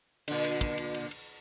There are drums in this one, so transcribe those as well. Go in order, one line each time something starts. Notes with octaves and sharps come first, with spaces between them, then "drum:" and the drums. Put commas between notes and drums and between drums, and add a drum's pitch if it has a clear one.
A#2 D3, drum: cymbal
drum: cymbal
drum: kick, cymbal
drum: cymbal
drum: cymbal
drum: cymbal